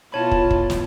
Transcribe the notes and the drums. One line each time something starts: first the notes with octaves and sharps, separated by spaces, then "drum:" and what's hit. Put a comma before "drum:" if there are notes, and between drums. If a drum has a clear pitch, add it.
B2 E4 F4 C#5 A5 B5
drum: kick
drum: kick
drum: snare